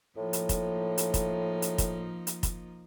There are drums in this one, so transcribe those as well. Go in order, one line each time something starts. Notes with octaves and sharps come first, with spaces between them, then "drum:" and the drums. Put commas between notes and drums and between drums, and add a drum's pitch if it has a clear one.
A2 F3 A#3 D#4
drum: hi-hat
drum: kick, hi-hat
drum: hi-hat
drum: kick, hi-hat
drum: hi-hat
drum: kick, hi-hat
drum: hi-hat
drum: kick, hi-hat